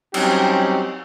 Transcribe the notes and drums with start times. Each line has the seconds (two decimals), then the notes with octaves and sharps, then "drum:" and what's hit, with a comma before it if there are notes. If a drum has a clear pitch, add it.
0.14 F#3 G3 C4 C#4 D#4 G4, drum: cymbal